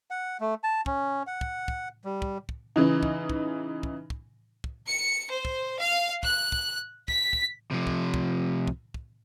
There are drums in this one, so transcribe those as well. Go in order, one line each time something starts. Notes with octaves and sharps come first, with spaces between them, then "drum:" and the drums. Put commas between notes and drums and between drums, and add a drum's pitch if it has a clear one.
F#5
A3
A5
C#4, drum: kick
F#5
drum: kick
drum: kick
G3
drum: kick
drum: kick
C#3 E3 D#4
drum: kick
drum: kick
drum: kick
drum: kick
drum: kick
C#7
C5
drum: kick
F5
F#6, drum: kick
drum: kick
B6, drum: kick
drum: kick
C3 F3
drum: kick
drum: kick
drum: kick
drum: kick